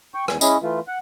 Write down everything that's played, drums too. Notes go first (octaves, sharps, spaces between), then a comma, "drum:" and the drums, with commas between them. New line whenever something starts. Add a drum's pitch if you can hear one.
G5 C#6
E2 G#5, drum: rim click
G#3 C#4 E4 D#5, drum: tambourine
E3 A3 F4
F#5